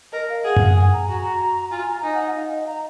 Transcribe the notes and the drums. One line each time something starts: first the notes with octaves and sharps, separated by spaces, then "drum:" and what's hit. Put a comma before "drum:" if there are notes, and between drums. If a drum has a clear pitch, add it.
A#4 D#5
F5
G#4 F#5
drum: tom F#2
G#5
A#5
F#4 A#5
F4 G#5
A#5
D#4 G#5
F#5
F#5
F5
D#5
A#5